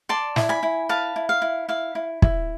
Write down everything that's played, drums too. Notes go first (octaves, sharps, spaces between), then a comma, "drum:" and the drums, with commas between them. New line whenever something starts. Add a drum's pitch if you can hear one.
D5 A5 C6
E4, drum: snare
G#5 B5
E4
B4 F5 A5
E4
F5
E4
E4 F5
E4
E4, drum: kick